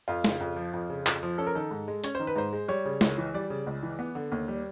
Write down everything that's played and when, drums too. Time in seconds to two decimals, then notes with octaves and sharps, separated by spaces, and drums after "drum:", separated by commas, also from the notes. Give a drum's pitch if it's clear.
0.08 F2 F4
0.24 C#3, drum: snare
0.41 F2
0.57 F3
0.73 F2
0.90 C#3
1.06 F2, drum: clap
1.23 F3
1.38 C#4 A4
1.47 A#4
1.55 D#3 A4
1.71 G#2
1.88 G#3
2.04 C#4 C#5, drum: hi-hat
2.15 D#3 C5
2.27 B4
2.36 G#2 C5
2.53 G#3
2.68 G3 C#5
2.85 C#3
3.01 C#2 C#5, drum: snare
3.18 E3
3.34 G3 D5
3.50 C#3
3.67 C#2
3.83 E3
3.99 B3
4.15 D3
4.32 D#2
4.48 G3